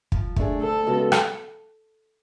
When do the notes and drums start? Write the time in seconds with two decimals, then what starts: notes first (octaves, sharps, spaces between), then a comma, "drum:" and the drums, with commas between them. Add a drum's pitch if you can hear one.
0.12 F3, drum: kick
0.36 A3 D4 G#4, drum: kick
0.62 D2 A4
0.87 C#3 G#3 B3 F#4
1.12 drum: rim click